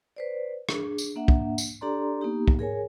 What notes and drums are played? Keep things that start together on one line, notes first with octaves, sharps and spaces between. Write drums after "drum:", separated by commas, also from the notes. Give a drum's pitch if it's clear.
B4 C5 D5
D4 G#4, drum: rim click
drum: tambourine
A#3 D4 E5 F#5
drum: kick
drum: tambourine
D4 G4 A4 D5 A#5 C6
A#3 B3 D#4 G4
drum: kick
G#4 A#4 C#5 G#5